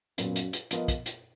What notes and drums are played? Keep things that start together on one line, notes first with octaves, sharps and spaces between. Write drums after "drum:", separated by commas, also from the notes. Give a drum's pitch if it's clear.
F#2 A#2 F#3 B3, drum: hi-hat
drum: hi-hat
drum: hi-hat
F3 B3 F4 A#4 D#5, drum: hi-hat
drum: kick, hi-hat
drum: hi-hat